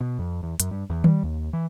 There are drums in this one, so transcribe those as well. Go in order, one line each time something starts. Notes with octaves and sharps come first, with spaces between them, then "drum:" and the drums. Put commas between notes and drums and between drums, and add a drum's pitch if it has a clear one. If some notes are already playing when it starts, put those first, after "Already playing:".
B2
F2
E2
F#2, drum: hi-hat
G2
E2
G3, drum: tom D#3
D#2
E3